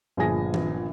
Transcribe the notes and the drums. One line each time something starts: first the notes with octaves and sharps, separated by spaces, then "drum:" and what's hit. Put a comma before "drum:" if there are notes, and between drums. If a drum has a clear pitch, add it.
G1 A#2 F3 G#4 G#5 A#6
drum: tom D#3